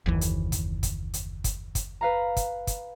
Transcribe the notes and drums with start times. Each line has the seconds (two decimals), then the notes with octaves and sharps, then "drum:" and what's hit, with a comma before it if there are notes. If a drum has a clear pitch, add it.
0.06 F#1 D#2 E3
0.21 drum: hi-hat
0.52 drum: kick, hi-hat
0.83 drum: kick, hi-hat
1.14 drum: hi-hat
1.44 drum: kick, hi-hat
1.75 drum: kick, hi-hat
2.01 B4 F5 A#5
2.37 drum: kick, hi-hat
2.67 drum: kick, hi-hat